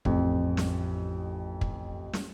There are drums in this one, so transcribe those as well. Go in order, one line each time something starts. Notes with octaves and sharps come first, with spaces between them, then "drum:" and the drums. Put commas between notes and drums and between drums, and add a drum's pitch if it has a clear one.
A1 F2, drum: kick
drum: snare
drum: kick
drum: snare